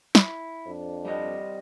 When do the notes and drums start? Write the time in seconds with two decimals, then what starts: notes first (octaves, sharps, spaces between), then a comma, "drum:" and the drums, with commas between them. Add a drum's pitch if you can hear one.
0.15 E4, drum: snare
0.67 F2 D4
1.05 G3 C4 D#5